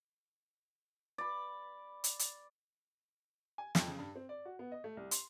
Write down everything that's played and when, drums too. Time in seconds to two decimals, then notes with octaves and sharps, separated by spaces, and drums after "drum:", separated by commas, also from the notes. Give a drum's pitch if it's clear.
1.18 D5 B5
2.04 drum: hi-hat
2.19 drum: hi-hat
3.58 G#5
3.75 F2, drum: snare
3.87 C#3
3.98 G2
4.16 C4
4.29 D5
4.45 F#4
4.59 B3
4.72 D#5
4.84 A3
4.97 C2
5.11 C6, drum: hi-hat